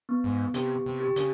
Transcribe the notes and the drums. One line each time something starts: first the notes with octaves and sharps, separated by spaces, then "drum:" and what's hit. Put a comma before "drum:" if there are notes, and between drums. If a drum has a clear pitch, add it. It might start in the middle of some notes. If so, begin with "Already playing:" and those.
B3
G#2
C3 G4, drum: hi-hat
C3
G4
C#3, drum: hi-hat